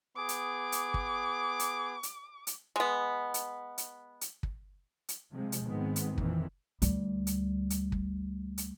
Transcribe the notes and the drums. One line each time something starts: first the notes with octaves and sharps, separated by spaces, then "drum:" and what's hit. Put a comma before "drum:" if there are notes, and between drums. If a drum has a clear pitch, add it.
B3 G#4 D6
drum: hi-hat
drum: hi-hat
drum: kick
drum: hi-hat
drum: hi-hat
drum: hi-hat
G#3 B3
drum: hi-hat
drum: hi-hat
drum: hi-hat
drum: kick
drum: hi-hat
C3 F3 G#3
drum: hi-hat
G#2 D#3 G#3 B3 C4
drum: hi-hat
F2 A#2 D#3 E3, drum: kick
D2 G3, drum: hi-hat
drum: hi-hat
drum: hi-hat
drum: kick
drum: hi-hat